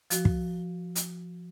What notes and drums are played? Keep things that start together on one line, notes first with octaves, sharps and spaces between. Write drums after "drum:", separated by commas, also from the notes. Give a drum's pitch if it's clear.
F3 F#4, drum: hi-hat
drum: kick
drum: hi-hat